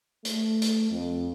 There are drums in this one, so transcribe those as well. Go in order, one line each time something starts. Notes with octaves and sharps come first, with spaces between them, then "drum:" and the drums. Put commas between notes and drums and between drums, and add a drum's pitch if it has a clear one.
A3, drum: hi-hat
drum: hi-hat
F2